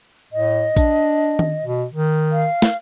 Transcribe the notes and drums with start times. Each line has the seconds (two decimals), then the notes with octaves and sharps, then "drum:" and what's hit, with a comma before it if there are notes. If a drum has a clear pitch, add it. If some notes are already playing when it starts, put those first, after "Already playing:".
0.33 A2 D#5
0.77 D4, drum: kick A1, hi-hat
1.39 drum: tom D#3
1.64 B2
1.93 D#3
2.32 F5
2.62 drum: snare